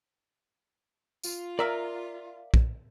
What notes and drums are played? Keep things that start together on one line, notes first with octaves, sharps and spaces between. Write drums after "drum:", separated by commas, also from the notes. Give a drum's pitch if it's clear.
F4, drum: tambourine
A#4 D5 E5 F5
drum: kick